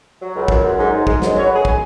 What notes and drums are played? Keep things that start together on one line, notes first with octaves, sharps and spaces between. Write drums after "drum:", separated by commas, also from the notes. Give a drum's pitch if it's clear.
F#3
C#2
F#2, drum: kick
F#2
G#2
G#2
G#3, drum: kick
F#2, drum: snare
F#3 C#5
B4
C#2 G#4
drum: kick